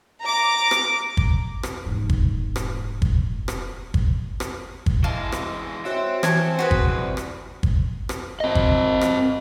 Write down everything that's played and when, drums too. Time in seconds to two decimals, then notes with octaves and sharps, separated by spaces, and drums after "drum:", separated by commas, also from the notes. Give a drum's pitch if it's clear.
0.24 A#5 D6
0.71 drum: rim click
1.17 drum: kick G1
1.63 drum: rim click
1.86 E1 G#2
2.09 drum: kick G1
2.56 drum: rim click
3.02 drum: kick G1
3.48 drum: rim click
3.94 drum: kick G1
4.40 drum: rim click
4.86 drum: kick G1
5.04 E3 G#3 F5 A5
5.32 drum: rim click
5.85 C4 F#4 C#5 E5
6.23 E3 F#4 C#5 G#5 A5 C#7, drum: rim click
6.59 F#4 G#4 B4 C5
6.71 drum: kick G1
6.86 C2
7.17 drum: rim click
7.63 drum: kick G1
8.09 drum: rim click
8.40 C4 D#5
8.55 drum: kick G1
9.01 drum: rim click